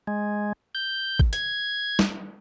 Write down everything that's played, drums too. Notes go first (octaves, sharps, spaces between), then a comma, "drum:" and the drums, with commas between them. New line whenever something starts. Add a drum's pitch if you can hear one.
G#3
G6
drum: kick G#1
G#6, drum: hi-hat
drum: snare